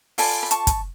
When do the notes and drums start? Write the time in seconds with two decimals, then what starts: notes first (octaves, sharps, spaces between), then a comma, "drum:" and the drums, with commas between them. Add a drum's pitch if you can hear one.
0.18 F4 A4 D5 G#5 B5, drum: open hi-hat
0.43 B5
0.51 A5 C#6, drum: hi-hat
0.67 drum: kick, hi-hat